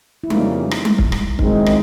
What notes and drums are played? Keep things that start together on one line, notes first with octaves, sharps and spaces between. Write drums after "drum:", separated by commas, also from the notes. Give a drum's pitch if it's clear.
E4
F2 C#3 E3 G3 A#3 D#4, drum: tom G3
drum: rim click
drum: tom G3
drum: kick
drum: rim click
F#2 D#3 G#3 C4 D#4, drum: kick
E4
D#4, drum: rim click